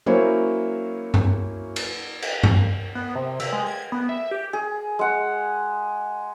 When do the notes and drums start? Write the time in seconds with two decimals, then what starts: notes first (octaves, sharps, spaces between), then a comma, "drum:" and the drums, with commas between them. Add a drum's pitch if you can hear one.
0.06 F#3 A#3 C#4 E4 C5 C#5
1.14 drum: tom G2
1.76 drum: cymbal
2.22 drum: cymbal
2.43 drum: tom G2
2.95 B3
3.15 C3
3.40 E6, drum: cymbal
3.53 G#3
3.66 G#6
3.92 B3
4.09 E5
4.31 G4
4.53 G#4
4.99 G#3 F#5